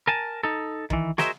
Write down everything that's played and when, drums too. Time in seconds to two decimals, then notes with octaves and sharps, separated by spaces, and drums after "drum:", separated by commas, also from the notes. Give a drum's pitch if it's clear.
0.07 A#4 G#5 A5
0.43 D#4 A4
0.90 D#3 E3, drum: kick
1.18 F#4 G#4 A#4 C5 D#5 E5, drum: snare